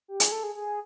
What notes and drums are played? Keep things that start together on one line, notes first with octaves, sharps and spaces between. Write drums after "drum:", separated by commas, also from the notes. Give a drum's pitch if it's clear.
G4
G#4, drum: hi-hat
A4
G#4
G#4